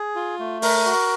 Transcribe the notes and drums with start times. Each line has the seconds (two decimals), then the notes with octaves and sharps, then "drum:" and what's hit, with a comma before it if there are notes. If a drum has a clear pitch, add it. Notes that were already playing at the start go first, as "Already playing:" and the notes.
Already playing: G#4
0.16 F4
0.39 A3
0.62 A#4, drum: open hi-hat
0.86 F#4